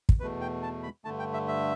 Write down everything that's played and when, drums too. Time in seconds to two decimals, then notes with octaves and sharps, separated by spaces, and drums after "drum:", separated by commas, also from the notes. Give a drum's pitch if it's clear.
0.09 drum: kick
0.20 E2 B2 A3 B4
0.41 G5
0.63 A5
0.83 B5
1.05 G2 D3 A3 A5
1.19 G5
1.33 E5
1.48 E5